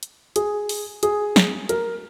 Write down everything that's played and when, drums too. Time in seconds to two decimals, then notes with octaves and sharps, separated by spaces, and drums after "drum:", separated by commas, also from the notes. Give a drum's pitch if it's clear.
0.03 drum: hi-hat
0.36 G#4, drum: hi-hat
0.69 drum: open hi-hat
1.03 G#4, drum: hi-hat
1.36 drum: snare
1.69 A#4, drum: hi-hat